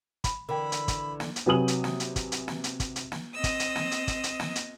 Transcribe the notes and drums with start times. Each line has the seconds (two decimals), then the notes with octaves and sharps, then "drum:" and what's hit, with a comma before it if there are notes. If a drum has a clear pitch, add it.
0.24 B5, drum: kick, hi-hat
0.49 D3 E3 A#4 G5 B5
0.72 drum: hi-hat
0.88 drum: kick, hi-hat
1.20 drum: snare
1.36 drum: hi-hat
1.46 C3 F#3 B4 G#5 D#6 F#7
1.68 drum: hi-hat
1.84 drum: snare
2.00 drum: hi-hat
2.16 drum: kick, hi-hat
2.32 drum: hi-hat
2.48 drum: snare
2.64 drum: hi-hat
2.80 drum: kick, hi-hat
2.96 drum: hi-hat
3.12 drum: snare
3.35 C4 D#5 D#6 E6
3.44 drum: kick, hi-hat
3.60 drum: hi-hat
3.76 drum: snare
3.92 drum: hi-hat
4.08 drum: kick, hi-hat
4.24 drum: hi-hat
4.40 drum: snare
4.56 drum: hi-hat